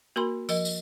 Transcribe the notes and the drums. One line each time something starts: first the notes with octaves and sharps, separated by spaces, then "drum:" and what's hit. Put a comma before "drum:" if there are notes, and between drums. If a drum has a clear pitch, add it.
A#3 F#4 A#4 B5 C6
F3 A#4 D#5, drum: tambourine
drum: tambourine